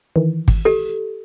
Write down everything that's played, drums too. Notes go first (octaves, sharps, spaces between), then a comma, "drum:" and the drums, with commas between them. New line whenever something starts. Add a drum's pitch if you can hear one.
D#3 E3
drum: kick G#1
G4 A4